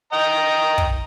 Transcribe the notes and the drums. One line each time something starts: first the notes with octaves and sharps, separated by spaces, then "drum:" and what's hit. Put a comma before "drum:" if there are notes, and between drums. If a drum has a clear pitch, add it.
D#5 G5 A#5
drum: kick